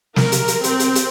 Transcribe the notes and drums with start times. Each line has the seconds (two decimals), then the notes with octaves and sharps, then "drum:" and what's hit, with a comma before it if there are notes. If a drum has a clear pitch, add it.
0.16 A#4, drum: snare
0.32 drum: hi-hat
0.48 drum: hi-hat
0.64 C4, drum: hi-hat
0.79 drum: hi-hat
0.95 drum: hi-hat